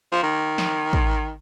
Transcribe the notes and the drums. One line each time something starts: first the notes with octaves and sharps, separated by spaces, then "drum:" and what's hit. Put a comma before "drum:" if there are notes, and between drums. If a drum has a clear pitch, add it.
F3
D#3
drum: snare
drum: kick